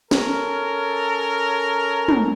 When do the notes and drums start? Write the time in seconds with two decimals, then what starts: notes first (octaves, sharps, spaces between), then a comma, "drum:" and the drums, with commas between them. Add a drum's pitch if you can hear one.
0.11 C#4 A4 A#4, drum: snare
2.08 drum: tom